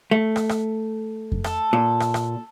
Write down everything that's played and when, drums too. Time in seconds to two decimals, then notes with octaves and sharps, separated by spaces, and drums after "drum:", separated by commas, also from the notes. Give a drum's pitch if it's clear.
0.11 A3
0.36 drum: rim click
0.49 drum: rim click
1.32 drum: kick F2
1.44 A4, drum: rim click
1.73 A#2
2.00 drum: rim click
2.14 drum: rim click